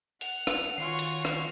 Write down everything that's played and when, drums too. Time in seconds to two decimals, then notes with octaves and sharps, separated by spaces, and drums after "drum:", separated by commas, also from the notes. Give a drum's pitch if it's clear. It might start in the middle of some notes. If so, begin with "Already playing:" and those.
0.21 F#5 F7, drum: hi-hat
0.47 drum: rim click
0.78 D#3 F4 F#4 C#5 G#5 C#6 C7
0.99 drum: hi-hat
1.25 drum: rim click